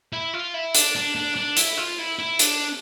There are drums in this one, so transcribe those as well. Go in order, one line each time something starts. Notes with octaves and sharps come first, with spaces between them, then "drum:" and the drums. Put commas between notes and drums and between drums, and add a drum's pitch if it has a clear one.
E4
F4
E4
D4, drum: hi-hat
D4
D4
D4
E4, drum: hi-hat
F4
E4
E4
D4, drum: hi-hat